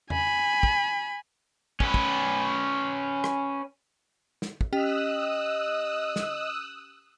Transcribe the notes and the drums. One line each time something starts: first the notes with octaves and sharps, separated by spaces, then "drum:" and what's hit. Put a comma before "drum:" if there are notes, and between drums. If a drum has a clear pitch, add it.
G#5 B5, drum: tom E2
drum: kick
C#4 B4, drum: kick
drum: kick
drum: rim click
drum: snare
drum: kick
C#4 G4 D#5 G5 D#6 E6 F#6
drum: snare